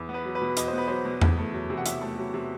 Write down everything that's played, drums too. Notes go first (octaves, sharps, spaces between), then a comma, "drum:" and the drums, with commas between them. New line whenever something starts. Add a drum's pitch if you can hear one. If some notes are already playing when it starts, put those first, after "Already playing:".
Already playing: E2
B3
B4
F#3
B4
B2
E2 D#5, drum: hi-hat
C5
B3 B4
F#3 C5
B2
E2, drum: tom E2
A3
F#3
C3
F#5
E2 E5, drum: hi-hat
A3
F#3
C3